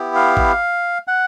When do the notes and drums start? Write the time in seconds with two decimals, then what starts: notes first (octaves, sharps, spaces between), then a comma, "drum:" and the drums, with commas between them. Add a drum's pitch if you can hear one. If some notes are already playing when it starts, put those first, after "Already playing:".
Already playing: B3 E4 G4
0.15 F5
0.37 drum: kick
1.08 F#5